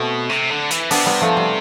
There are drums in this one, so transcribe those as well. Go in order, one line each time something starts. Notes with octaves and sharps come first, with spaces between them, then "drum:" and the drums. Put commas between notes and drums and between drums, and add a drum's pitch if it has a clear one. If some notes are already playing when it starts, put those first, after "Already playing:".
Already playing: B2 A3 C4
C3, drum: rim click
D3
E3, drum: hi-hat
C3 B3 D4, drum: open hi-hat
G3 B3
F3 A3
G3